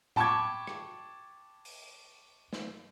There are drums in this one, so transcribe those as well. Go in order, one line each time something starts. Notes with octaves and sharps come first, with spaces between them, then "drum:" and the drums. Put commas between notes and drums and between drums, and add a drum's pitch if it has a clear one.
G5 A5 B5 C#6 D6 G#6, drum: tom A2
drum: rim click
drum: open hi-hat
drum: snare